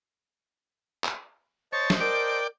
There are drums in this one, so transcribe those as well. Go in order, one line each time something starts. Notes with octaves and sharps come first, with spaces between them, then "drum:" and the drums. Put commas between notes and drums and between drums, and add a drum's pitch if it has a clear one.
drum: clap
C5 C#5 D#5 A5 A6
drum: snare
A#4 D5 G5 D7